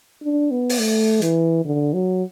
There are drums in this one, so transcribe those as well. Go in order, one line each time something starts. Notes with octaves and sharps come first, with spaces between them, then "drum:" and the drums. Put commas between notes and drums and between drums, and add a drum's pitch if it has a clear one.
D4
B3
drum: open hi-hat
A3
E3, drum: hi-hat
D3
F#3